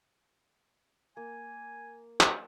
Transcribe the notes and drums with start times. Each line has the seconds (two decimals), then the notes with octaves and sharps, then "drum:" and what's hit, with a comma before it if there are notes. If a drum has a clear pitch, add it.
1.17 A#3 G#5
2.20 drum: clap